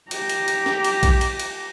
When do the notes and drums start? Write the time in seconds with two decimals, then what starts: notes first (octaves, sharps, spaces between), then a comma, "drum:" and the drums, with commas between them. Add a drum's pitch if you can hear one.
0.11 G4 A#5, drum: cymbal
0.29 drum: cymbal
0.48 drum: cymbal
0.66 drum: snare
0.84 drum: cymbal
1.03 drum: kick B1, cymbal
1.21 drum: cymbal
1.39 drum: cymbal